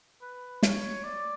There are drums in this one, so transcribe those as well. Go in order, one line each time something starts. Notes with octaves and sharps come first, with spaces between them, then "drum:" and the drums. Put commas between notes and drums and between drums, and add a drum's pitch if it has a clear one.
B4
C#5, drum: snare
D5